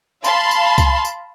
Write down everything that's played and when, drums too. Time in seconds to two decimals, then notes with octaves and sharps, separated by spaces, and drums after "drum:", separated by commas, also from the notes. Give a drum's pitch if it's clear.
0.24 F5 A5 B5 C6, drum: tambourine
0.51 drum: tambourine
0.78 drum: kick C2, tambourine
1.05 drum: tambourine